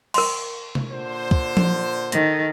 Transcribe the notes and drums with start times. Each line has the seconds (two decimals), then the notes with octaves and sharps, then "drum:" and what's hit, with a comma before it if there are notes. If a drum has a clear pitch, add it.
0.14 A#4 C6, drum: cymbal
0.75 drum: tom C3
0.90 A#2 D3 C5
1.31 drum: kick
1.57 drum: tom F3
2.12 D#3 A4, drum: hi-hat